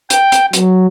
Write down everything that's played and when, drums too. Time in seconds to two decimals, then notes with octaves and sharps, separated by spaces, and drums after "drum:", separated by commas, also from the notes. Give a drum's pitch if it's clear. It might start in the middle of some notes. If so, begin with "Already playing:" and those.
0.10 G5, drum: hi-hat
0.32 drum: hi-hat
0.53 F#3, drum: hi-hat